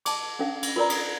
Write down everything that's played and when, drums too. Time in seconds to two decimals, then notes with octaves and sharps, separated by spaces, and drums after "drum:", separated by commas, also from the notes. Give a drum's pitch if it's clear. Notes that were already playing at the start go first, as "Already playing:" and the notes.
0.05 A5 D6, drum: cymbal
0.39 C#4 D4 A4 F5
0.63 drum: cymbal
0.76 F4 A#4 B4 D5 A#5
0.90 D#6, drum: cymbal